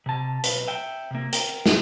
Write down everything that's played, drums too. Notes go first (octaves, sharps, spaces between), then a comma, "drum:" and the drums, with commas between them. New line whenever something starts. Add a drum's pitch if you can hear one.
C3 A5
B1 B4, drum: hi-hat
E5 G5
C3 A#3
A#4 G5, drum: hi-hat
drum: snare